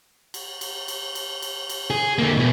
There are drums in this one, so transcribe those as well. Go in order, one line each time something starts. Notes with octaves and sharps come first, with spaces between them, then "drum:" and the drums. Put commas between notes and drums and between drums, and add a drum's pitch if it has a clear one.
drum: cymbal
drum: cymbal
drum: cymbal
drum: cymbal
drum: cymbal
drum: cymbal
G#4
D3 A#3
B2 E3